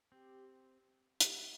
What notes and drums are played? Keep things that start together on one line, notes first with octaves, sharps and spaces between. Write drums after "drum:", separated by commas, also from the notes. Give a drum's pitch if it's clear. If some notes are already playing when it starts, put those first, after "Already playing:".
C4 G4
G4, drum: hi-hat